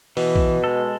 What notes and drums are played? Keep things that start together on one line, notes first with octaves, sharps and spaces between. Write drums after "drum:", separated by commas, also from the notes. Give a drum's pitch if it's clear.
B2 E3, drum: open hi-hat
drum: kick
G#3 A4